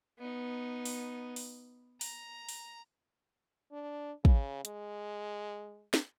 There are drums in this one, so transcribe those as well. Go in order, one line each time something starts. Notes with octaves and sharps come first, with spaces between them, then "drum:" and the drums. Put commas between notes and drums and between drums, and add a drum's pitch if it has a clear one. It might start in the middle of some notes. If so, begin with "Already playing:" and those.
B3 D#4
drum: open hi-hat
drum: open hi-hat
A#5, drum: open hi-hat
drum: open hi-hat
D4
C#3, drum: kick
G#3, drum: hi-hat
drum: snare